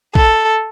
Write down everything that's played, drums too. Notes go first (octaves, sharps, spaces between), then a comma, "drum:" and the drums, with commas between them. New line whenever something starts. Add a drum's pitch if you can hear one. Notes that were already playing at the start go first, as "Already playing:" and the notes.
A4, drum: kick A#1